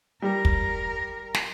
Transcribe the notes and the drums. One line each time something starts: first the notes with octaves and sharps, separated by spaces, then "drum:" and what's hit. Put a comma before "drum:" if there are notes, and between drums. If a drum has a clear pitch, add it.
G3 A#4
drum: kick
drum: snare